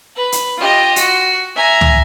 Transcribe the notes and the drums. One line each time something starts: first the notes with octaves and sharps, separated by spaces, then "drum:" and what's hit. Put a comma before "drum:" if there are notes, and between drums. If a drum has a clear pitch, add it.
B4
drum: hi-hat
F4 G4 D#5
F#4, drum: hi-hat
E5 G#5 A#5
drum: tom